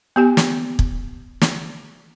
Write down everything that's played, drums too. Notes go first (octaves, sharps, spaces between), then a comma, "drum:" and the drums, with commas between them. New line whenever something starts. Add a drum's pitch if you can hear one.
B3 G4 G#5
drum: snare
drum: kick
drum: snare